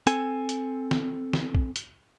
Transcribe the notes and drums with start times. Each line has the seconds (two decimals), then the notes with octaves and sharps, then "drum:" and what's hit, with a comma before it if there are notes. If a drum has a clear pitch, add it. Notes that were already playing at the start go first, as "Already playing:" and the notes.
0.07 C4 A4 G#5, drum: hi-hat
0.49 drum: hi-hat
0.91 drum: snare
1.33 drum: snare
1.55 drum: kick
1.76 drum: hi-hat